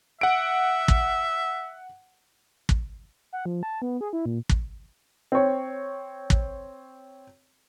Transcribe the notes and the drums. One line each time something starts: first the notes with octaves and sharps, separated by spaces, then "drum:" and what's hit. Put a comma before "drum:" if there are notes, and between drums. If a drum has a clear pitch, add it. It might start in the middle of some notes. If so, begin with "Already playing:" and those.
E5 F#5 D7
drum: kick
drum: kick
F#5
F3
A5
B3
G#4
E4
A#2
drum: kick
C4 C#5
drum: kick